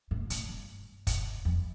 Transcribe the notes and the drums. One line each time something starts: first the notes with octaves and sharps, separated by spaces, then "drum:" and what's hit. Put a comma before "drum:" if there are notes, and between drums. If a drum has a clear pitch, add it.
A2
A2, drum: hi-hat
G2
drum: kick, hi-hat
F2